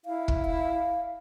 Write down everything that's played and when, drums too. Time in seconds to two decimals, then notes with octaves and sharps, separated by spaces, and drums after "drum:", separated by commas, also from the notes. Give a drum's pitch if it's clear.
0.05 E4 F5
0.28 drum: kick
0.45 F5